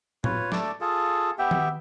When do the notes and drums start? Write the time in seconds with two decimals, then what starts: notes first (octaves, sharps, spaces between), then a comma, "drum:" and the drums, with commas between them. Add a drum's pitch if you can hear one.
0.24 F4 B4 C#5, drum: tom A2
0.52 A3 A4 D5 D6, drum: snare
0.81 F4 G#4 A4
1.39 B3 G4 E5 G5
1.51 drum: tom D#3